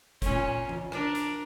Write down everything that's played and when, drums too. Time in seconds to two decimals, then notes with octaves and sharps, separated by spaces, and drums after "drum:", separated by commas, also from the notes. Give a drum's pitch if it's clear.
0.22 A#2 C#4, drum: kick, hi-hat
0.69 drum: tom E3
0.92 D4 A#4, drum: rim click
1.15 drum: hi-hat